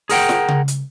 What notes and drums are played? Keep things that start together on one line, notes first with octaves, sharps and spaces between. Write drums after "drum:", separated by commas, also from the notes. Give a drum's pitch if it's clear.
G#4 A#4 F#5 G5, drum: open hi-hat
drum: snare
drum: tom C#3
drum: hi-hat